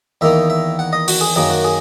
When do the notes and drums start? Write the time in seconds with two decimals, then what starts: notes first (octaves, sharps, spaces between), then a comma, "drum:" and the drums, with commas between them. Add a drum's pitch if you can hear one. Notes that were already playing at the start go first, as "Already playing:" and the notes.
0.21 E2 D#3 A#3 D#4 E5
0.50 E5
0.79 F#5
0.93 D#5
1.08 F#4, drum: open hi-hat
1.21 G#4
1.36 F#2 D#3 A#3 G#4
1.50 F#4
1.65 G#4